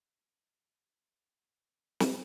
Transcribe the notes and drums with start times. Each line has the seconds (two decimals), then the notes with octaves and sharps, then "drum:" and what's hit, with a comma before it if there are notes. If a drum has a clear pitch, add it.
0.49 B3 C4 A#4
2.00 drum: snare